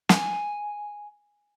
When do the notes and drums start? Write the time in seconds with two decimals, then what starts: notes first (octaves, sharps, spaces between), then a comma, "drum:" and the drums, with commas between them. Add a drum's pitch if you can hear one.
0.09 G#5, drum: snare